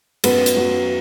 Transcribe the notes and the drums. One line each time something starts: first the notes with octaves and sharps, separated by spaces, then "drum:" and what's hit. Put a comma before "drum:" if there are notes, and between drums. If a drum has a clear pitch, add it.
F#2 B3 B4, drum: cymbal
drum: hi-hat
F#3